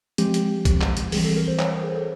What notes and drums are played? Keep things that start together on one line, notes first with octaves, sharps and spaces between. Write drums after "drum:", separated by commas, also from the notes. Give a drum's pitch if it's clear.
F3 G#3 C4 G4, drum: hi-hat
drum: hi-hat
drum: kick, hi-hat
drum: clap
drum: hi-hat
E3 G3 C4 G#4, drum: open hi-hat
A4
A#4
C5
C#5, drum: clap
C5
G#4
A4